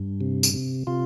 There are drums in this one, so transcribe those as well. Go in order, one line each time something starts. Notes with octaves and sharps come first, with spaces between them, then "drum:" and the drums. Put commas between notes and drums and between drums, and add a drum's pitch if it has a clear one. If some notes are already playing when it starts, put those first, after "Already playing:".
Already playing: G2
C3
drum: tambourine
C3
C3 F4